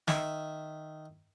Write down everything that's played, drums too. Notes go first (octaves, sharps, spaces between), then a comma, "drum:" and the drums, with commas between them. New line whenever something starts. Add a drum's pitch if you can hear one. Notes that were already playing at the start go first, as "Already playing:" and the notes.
D#3 E5, drum: snare